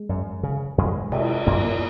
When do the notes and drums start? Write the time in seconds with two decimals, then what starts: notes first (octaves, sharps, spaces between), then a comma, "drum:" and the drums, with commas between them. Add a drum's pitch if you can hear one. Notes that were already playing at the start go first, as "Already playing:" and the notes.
Already playing: G#3
0.09 F#2
0.43 C#3
0.78 F2 G#3
1.12 C3, drum: cymbal
1.47 F#2 A#3
1.64 A#3